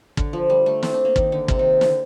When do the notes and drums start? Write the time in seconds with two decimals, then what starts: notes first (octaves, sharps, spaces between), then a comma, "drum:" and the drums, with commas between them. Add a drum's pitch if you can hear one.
0.17 D3, drum: kick
0.33 F3
0.50 G3
0.66 A3
0.83 C4, drum: snare
0.94 D4
1.05 A#3
1.16 D#3, drum: kick
1.32 D3
1.48 C3, drum: kick
1.59 D#3
1.81 D3, drum: snare